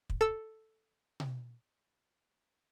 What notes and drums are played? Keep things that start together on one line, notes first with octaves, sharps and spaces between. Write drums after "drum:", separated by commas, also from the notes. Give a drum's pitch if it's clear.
drum: kick
A4 E6
drum: tom B2